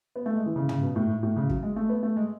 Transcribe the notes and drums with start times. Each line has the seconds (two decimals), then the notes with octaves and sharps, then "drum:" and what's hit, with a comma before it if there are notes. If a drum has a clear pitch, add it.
0.16 B3
0.26 A3
0.36 G#3
0.46 E3
0.56 C#3
0.69 C#3, drum: tom
0.82 B2
0.96 A2
1.09 G#2
1.23 A2
1.36 C#3
1.49 F#3, drum: kick
1.63 G#3
1.76 A3
1.89 B3
2.03 A3
2.17 G#3